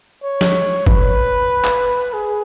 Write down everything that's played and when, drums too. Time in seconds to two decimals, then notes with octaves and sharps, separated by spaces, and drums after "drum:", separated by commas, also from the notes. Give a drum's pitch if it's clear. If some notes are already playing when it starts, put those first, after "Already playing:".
0.23 C#5
0.41 drum: snare
0.86 B4, drum: kick
1.64 drum: clap
2.13 G#4